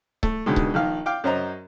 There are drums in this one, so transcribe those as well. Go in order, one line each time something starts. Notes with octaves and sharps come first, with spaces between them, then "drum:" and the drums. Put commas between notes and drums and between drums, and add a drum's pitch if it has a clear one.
A3, drum: kick C#1
C#2 B2 D3 D#3 G#3
drum: kick C#1
A#1 D#3 F5
F5 G5 D6
F#2 C#4 C5 D#5 A#5